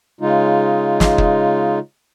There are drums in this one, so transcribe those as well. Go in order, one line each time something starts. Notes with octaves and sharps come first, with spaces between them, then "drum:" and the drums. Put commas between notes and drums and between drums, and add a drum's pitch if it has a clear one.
C#3 G#3 D#4 F4
drum: snare
drum: kick